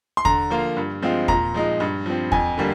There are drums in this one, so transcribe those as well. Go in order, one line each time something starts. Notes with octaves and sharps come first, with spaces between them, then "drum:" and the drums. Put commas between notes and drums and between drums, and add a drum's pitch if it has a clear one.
C6
D3 A#5, drum: kick
F3 A#3 F4
G2
F3 G#3 C4 F4
A#2 A#5, drum: kick
F3 G#3 D#4
G2
F3 C4
F2 G#5, drum: kick
D3 G3 A#3